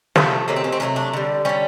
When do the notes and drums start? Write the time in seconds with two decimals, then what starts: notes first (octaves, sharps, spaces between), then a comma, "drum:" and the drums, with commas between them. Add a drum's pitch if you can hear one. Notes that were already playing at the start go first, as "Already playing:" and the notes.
0.16 C3 F3 A3, drum: snare
0.48 C3 D#3 F#3 A3 A#3
0.56 C4
0.64 C#4
0.72 C4
0.80 C3 D#3 F#3 A3 C#4
0.96 D4
1.13 D3 G3
1.45 D3 G3 C#4